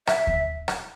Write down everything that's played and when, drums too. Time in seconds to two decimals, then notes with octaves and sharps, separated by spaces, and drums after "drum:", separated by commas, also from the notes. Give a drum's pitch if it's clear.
0.07 E5, drum: rim click
0.27 drum: kick D#2
0.68 drum: rim click